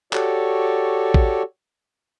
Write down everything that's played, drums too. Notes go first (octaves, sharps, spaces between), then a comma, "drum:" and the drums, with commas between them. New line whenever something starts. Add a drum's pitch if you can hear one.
F#4 G4 A4 C#5 D5, drum: clap
drum: kick A1